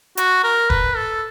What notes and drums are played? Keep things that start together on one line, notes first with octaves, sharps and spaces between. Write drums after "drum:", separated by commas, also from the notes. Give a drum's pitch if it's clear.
F#4, drum: hi-hat
A#4
B4, drum: kick E1
A4